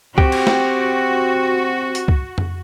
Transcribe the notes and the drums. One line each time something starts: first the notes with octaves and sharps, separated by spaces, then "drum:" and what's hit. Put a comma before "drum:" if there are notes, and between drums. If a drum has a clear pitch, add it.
C4 F#4 G4, drum: kick
drum: cymbal
drum: snare
drum: hi-hat
drum: kick
drum: tom F2